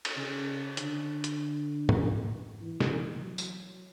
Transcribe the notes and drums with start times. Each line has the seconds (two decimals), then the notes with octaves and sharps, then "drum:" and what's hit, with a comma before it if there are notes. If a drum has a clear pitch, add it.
0.05 drum: cymbal
0.17 C#3
0.77 D3, drum: hi-hat
1.24 drum: hi-hat
1.89 drum: tom G#2
2.61 E3
2.80 drum: snare
3.22 F#3
3.38 drum: tambourine